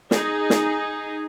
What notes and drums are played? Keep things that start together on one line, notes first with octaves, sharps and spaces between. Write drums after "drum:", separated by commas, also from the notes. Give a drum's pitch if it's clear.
D#4 G#4, drum: snare
drum: snare